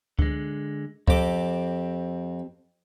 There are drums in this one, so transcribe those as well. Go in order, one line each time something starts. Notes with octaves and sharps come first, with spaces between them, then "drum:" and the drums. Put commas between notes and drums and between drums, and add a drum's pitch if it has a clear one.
D3 G#3, drum: kick
F2 C4 G4 A4 D6, drum: kick